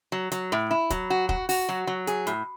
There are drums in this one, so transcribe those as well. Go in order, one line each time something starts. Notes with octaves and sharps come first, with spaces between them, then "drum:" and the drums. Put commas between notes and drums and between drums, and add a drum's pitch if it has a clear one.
F#3
F#3, drum: hi-hat
A2
E4
F#3, drum: kick, hi-hat
F#4
F#4, drum: kick
F#4, drum: open hi-hat
F#3
F#3
G#4, drum: hi-hat
A2, drum: hi-hat